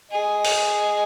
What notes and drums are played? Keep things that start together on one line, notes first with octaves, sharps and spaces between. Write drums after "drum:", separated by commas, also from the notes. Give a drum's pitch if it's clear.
G#4 D#5
drum: open hi-hat